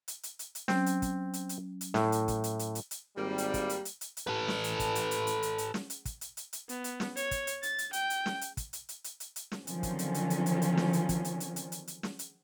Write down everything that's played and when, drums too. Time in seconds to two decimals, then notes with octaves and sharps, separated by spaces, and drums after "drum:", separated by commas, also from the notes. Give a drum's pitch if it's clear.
0.08 drum: hi-hat
0.23 drum: hi-hat
0.39 drum: hi-hat
0.55 drum: hi-hat
0.68 F#3 C4 C#4, drum: snare
0.86 drum: hi-hat
1.02 drum: kick, hi-hat
1.34 drum: hi-hat
1.49 drum: hi-hat
1.81 drum: hi-hat
1.94 A2, drum: snare
2.12 drum: hi-hat
2.28 drum: kick, hi-hat
2.44 drum: hi-hat
2.59 drum: hi-hat
2.75 drum: hi-hat
2.91 drum: hi-hat
3.17 G#1 G3 A#3
3.38 drum: hi-hat
3.54 drum: kick, hi-hat
3.69 drum: hi-hat
3.85 drum: hi-hat
4.01 drum: hi-hat
4.17 drum: hi-hat
4.27 A4 B4
4.48 drum: snare
4.64 drum: hi-hat
4.80 drum: kick, hi-hat
4.95 drum: hi-hat
5.11 drum: hi-hat
5.27 drum: hi-hat
5.43 drum: hi-hat
5.58 drum: hi-hat
5.74 drum: snare
5.90 drum: hi-hat
6.05 drum: kick, hi-hat
6.21 drum: hi-hat
6.37 drum: hi-hat
6.53 drum: hi-hat
6.69 B3, drum: hi-hat
6.84 drum: hi-hat
7.00 drum: snare
7.17 C#5, drum: hi-hat
7.31 drum: kick, hi-hat
7.47 drum: hi-hat
7.63 A6, drum: hi-hat
7.78 drum: hi-hat
7.93 G5, drum: hi-hat
8.10 drum: hi-hat
8.26 drum: snare
8.41 drum: hi-hat
8.57 drum: kick, hi-hat
8.73 drum: hi-hat
8.89 drum: hi-hat
9.04 drum: hi-hat
9.20 drum: hi-hat
9.36 drum: hi-hat
9.52 drum: snare
9.67 D3 D#3 F3 F#3 C4 C#4, drum: hi-hat
9.83 drum: kick, hi-hat
9.99 drum: hi-hat
10.14 drum: hi-hat
10.30 drum: hi-hat
10.46 drum: hi-hat
10.62 drum: hi-hat
10.77 drum: snare
10.93 drum: hi-hat
11.09 drum: kick, hi-hat
11.25 drum: hi-hat
11.40 drum: hi-hat
11.56 drum: hi-hat
11.72 drum: hi-hat
11.87 drum: hi-hat
12.03 drum: snare
12.19 drum: hi-hat